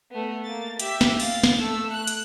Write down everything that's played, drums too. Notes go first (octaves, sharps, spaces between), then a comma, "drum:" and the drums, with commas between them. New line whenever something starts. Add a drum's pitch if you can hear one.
A3 B3
A#3 A6
G4 E5, drum: hi-hat
drum: snare
F5 A6, drum: open hi-hat
drum: snare
A3 E6
F#6
drum: hi-hat